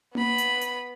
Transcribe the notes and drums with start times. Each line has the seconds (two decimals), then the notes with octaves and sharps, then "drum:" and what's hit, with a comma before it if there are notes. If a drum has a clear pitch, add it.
0.15 B3 B5, drum: tom A#3
0.38 drum: hi-hat
0.61 drum: hi-hat